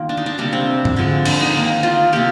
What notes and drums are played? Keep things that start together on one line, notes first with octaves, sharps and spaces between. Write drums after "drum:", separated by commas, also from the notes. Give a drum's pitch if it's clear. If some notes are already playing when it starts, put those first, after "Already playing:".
Already playing: D#3 G3 A#3 F4
D4
D#4
D4
C3 G3 A#3 D4
C4
drum: tom G#2
D3 F3 G#3
D4, drum: cymbal
D#4
D#3 A#3
F4
C3 F3 A#3 G4